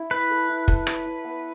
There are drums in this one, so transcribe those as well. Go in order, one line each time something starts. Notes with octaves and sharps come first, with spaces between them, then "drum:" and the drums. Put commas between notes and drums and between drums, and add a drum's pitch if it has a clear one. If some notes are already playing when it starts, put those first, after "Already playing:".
Already playing: E4
B4 E5
A4
E4
A4, drum: kick
C#5, drum: rim click
E4
B3